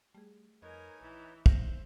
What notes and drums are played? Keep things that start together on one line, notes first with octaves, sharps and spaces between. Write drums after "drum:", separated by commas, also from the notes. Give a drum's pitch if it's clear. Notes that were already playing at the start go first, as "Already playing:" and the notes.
G3 A3 G#4
F2 D#4 A#4 B4 C#5 D#5 G#5
A#1 E3
D#4 C5 E5 G6 A#6, drum: kick